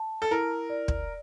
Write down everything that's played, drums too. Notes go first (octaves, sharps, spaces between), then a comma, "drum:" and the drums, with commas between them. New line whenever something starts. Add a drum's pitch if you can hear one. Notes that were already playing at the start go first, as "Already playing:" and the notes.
Already playing: A5
A4
E4 A#4
D5
drum: kick